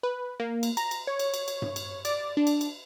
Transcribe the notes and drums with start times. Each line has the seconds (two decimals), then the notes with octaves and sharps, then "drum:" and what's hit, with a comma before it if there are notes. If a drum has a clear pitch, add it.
0.03 B4
0.40 A#3
0.63 drum: cymbal
0.77 A#5, drum: cymbal
0.91 drum: cymbal
1.07 C#5
1.19 drum: cymbal
1.34 drum: cymbal
1.48 drum: cymbal
1.62 drum: tom G2
1.76 drum: cymbal
2.05 D5, drum: cymbal
2.37 D4
2.47 drum: cymbal
2.61 drum: cymbal